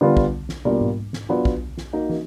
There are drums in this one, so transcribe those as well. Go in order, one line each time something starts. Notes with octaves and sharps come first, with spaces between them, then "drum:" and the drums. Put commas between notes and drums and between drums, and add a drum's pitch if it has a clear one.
D3 G3 B3 D4 F4
drum: kick
drum: snare
B2 G3 A#3 D4 F4
drum: tom G#2
drum: snare
F#3 B3 D4 F4
drum: kick
drum: snare
A#3 D#4 F#4
drum: tom